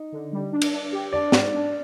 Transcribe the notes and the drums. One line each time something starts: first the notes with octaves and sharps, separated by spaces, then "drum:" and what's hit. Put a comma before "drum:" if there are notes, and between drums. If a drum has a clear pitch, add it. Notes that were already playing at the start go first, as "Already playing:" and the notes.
Already playing: D#4
D3
G3
D4
drum: cymbal
D4
G4
D4 D5
G#2, drum: snare
D4